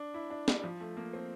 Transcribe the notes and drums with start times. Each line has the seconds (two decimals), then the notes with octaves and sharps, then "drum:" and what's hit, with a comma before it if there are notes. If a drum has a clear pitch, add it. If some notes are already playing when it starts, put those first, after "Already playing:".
Already playing: D4
0.14 E4
0.30 D4
0.48 G3, drum: snare
0.64 F3
0.81 A3
0.97 A#3
1.13 C4